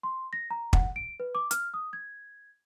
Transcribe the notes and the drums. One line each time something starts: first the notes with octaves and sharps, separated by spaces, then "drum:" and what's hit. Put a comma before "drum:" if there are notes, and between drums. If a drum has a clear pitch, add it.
C6
A#6
A#5
F#5, drum: kick
D7
B4
D6
F6, drum: hi-hat
D#6
G#6